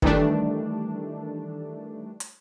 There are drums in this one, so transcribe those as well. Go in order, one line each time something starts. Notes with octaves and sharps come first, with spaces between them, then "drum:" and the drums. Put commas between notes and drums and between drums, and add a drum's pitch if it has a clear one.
D#3 E3 G3 A3 D4, drum: kick
drum: hi-hat